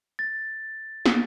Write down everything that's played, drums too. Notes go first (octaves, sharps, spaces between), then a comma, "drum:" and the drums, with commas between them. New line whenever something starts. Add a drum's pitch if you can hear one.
A6
drum: snare